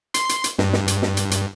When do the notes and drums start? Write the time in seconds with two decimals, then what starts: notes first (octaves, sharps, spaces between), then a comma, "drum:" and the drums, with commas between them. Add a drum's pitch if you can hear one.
0.14 C6, drum: hi-hat
0.29 drum: hi-hat
0.44 drum: hi-hat
0.58 G2, drum: snare
0.73 drum: snare
0.88 drum: hi-hat
1.02 drum: snare
1.17 drum: hi-hat
1.31 drum: hi-hat